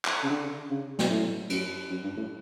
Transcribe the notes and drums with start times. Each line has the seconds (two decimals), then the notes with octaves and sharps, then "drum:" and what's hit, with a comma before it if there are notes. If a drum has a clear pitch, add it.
0.05 drum: clap
0.23 C#3
0.29 D3
0.70 C#3
0.99 B2, drum: snare
1.09 A2
1.50 F#2, drum: cymbal
1.90 F#2
2.03 G2
2.17 A2